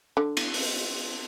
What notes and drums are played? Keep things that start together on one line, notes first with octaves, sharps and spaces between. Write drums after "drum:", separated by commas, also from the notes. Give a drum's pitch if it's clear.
D3
drum: cymbal
drum: open hi-hat